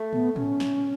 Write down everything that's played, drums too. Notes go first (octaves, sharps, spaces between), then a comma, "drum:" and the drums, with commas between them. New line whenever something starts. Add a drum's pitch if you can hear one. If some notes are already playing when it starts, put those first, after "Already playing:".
Already playing: A3
B3, drum: tom A2
C#4, drum: tom A2
drum: snare